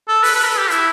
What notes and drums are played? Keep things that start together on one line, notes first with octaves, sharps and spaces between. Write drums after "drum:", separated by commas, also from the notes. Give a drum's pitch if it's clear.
A4
B4, drum: open hi-hat
B4
A4
G4
E4, drum: hi-hat